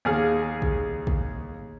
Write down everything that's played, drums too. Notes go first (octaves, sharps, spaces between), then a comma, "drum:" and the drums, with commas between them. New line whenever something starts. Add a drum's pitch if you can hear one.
D#2 G#4 F5
drum: kick
drum: kick